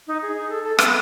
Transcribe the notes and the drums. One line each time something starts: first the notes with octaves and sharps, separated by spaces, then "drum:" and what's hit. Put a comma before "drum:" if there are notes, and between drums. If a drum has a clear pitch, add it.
D#4
G#4
A4
A4
B3, drum: rim click